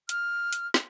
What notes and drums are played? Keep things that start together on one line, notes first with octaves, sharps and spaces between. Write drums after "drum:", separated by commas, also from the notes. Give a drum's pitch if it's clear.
F6, drum: hi-hat
drum: hi-hat
drum: snare